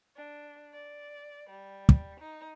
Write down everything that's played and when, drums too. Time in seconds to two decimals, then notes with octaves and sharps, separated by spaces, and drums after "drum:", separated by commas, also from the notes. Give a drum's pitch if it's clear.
0.16 D4
0.73 D5
1.49 G3
1.89 drum: kick
2.19 D#4